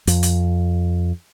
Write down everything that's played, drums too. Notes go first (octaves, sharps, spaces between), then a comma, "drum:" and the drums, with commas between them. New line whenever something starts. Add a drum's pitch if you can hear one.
F2, drum: hi-hat
drum: hi-hat